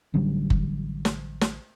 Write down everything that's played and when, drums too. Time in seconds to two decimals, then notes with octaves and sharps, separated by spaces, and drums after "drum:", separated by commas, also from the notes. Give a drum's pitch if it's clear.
0.14 A1 D3 F#3 G3
0.50 drum: kick F#1
1.05 drum: snare
1.41 drum: snare